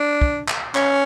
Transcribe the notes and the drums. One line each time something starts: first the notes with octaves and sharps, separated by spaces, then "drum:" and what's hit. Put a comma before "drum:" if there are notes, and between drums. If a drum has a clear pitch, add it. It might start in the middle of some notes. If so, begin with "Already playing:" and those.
Already playing: D4
drum: kick
drum: clap
C#4, drum: clap